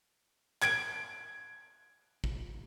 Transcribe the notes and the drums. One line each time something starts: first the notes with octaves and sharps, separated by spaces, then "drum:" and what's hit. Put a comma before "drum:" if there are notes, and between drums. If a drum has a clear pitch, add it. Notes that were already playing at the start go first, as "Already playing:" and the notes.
G#6 D7, drum: clap
drum: kick